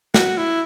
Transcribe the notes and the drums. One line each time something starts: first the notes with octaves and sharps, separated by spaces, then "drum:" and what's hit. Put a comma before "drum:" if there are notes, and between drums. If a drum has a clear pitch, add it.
F#4, drum: snare
E4